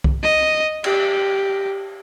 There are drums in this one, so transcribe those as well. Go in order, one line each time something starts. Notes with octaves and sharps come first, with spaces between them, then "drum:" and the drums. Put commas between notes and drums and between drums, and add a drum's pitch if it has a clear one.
drum: kick
D#5
G4, drum: cymbal